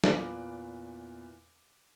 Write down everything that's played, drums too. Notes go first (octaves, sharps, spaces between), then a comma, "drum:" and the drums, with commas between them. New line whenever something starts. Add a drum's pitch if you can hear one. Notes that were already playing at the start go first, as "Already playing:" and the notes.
E2 A#2 B4 D6 D7 F#7, drum: snare